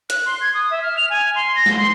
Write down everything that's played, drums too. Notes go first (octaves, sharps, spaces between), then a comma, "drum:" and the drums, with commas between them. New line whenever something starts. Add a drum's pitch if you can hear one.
F#6, drum: hi-hat
C6
G#6
D#6
E5
F6
F7
G#5
C6
A#6
drum: snare
C6